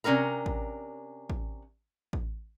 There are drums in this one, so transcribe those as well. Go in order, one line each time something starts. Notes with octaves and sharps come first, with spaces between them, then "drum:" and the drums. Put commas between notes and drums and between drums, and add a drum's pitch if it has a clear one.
C3 C#4 D4 A#4 A#5
drum: kick A1
drum: kick A1
drum: kick A1